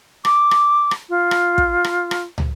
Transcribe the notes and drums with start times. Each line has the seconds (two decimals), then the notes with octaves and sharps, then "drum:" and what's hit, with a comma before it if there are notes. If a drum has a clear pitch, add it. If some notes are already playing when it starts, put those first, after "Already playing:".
0.25 D6, drum: rim click
0.51 drum: rim click
0.91 drum: rim click
1.09 F4
1.31 drum: rim click
1.58 drum: kick
1.84 drum: rim click
2.11 drum: rim click
2.38 drum: tom